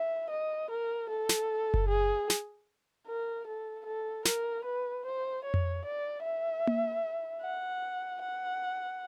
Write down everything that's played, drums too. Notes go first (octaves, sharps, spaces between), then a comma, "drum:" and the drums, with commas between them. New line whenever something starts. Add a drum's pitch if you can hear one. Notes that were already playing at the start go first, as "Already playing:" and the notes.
Already playing: E5
D#5
A#4
A4
drum: snare
drum: kick F#1
G#4
drum: snare
A#4
A4
A4
A#4, drum: snare
B4
C5
C#5
drum: tom F2
D5
E5
drum: tom A#3
F#5
F#5